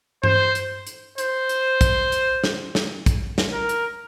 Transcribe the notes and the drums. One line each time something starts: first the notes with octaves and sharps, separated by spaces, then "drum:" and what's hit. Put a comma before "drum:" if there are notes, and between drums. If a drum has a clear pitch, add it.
C5, drum: tom G2
drum: hi-hat
drum: hi-hat
C5, drum: hi-hat
drum: hi-hat
drum: kick, hi-hat
drum: hi-hat
drum: snare
drum: snare
drum: kick, hi-hat
drum: snare
A#4
drum: hi-hat